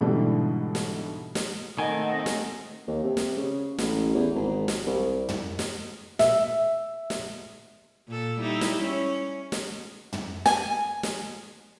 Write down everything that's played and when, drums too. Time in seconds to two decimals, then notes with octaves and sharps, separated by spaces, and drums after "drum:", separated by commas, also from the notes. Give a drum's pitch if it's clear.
0.01 G#2 B2 D3 E3 G3 D4
0.75 drum: snare
1.35 drum: snare
1.78 D#3 A3 C4 A4 D#5 F#5 G#5
2.26 drum: snare
2.87 D#2
3.04 C3
3.17 drum: snare
3.37 C#3
3.78 A1, drum: snare
4.15 E2
4.35 G#1
4.68 drum: snare
4.86 C2
5.29 drum: tom
5.59 drum: snare
6.19 E5, drum: snare
7.10 drum: snare
8.08 A#2 A4
8.40 G3 D#4 E4
8.61 drum: snare
8.83 C#4
9.52 drum: snare
10.13 drum: tom
10.46 G#5, drum: snare
11.03 drum: snare